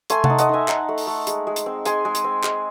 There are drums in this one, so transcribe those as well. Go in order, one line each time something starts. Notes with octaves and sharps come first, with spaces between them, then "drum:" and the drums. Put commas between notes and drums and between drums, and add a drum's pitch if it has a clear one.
A3 G#5 C6, drum: hi-hat
F#5 A5, drum: tom C3
D#4
D#5 F#5, drum: hi-hat
D#4 E5 G#5
D#4 F#5 A5, drum: clap
A3
drum: open hi-hat
A3
G#3, drum: hi-hat
G#3
drum: hi-hat
C4
G#3 G#5 C6, drum: hi-hat
G#3
drum: hi-hat
C4
G#3, drum: clap